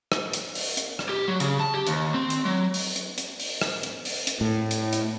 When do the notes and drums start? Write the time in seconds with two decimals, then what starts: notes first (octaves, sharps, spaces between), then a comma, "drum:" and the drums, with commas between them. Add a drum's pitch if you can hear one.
0.12 drum: rim click
0.33 drum: hi-hat
0.55 drum: open hi-hat
0.77 drum: hi-hat
0.99 drum: rim click
1.09 G4
1.28 F#3
1.40 C#3, drum: hi-hat
1.60 A5
1.74 G4
1.87 D#2, drum: hi-hat
2.14 C4
2.30 drum: hi-hat
2.45 F#3
2.74 drum: open hi-hat
2.96 drum: hi-hat
3.18 drum: hi-hat
3.40 drum: open hi-hat
3.61 drum: rim click
3.83 drum: hi-hat
4.05 drum: open hi-hat
4.27 drum: hi-hat
4.41 A2
4.71 drum: hi-hat
4.93 drum: hi-hat